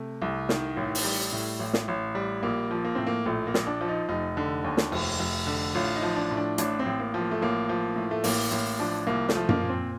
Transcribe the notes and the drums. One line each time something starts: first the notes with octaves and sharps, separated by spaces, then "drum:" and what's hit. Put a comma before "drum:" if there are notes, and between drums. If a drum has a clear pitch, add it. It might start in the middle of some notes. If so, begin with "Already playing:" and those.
Already playing: C3 A3
C2
D#3, drum: snare
A1
drum: open hi-hat
G3
A2
A1
drum: snare
A1
G3
A#1 A#3
F3
A#3
A2 C4
A#3
A#1 A3
A#3
A#1, drum: snare
D4
F3
D#4
F1 D#4
D3
D#2
drum: snare
F1, drum: cymbal
F1
D3
A1 F4
D#4
F3
D4
A2
D4
A1 D4, drum: hi-hat
C4
A1
A#3
F3
A#3
A3
A1 A#3
F3
A2
A3
A1 A#3, drum: open hi-hat
A1 A#3
F3 D4
C2 A#3
A3, drum: snare
F3
A#3, drum: tom F#2
A#2
C4